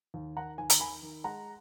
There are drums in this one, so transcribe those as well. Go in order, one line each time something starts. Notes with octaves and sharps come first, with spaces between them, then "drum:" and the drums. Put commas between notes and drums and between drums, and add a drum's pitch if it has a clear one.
D#2
D#3 F#5 A#5
D#2 G#5
A#5, drum: hi-hat
D#3 G#5 B5
D#3
G#3 F#5 A#5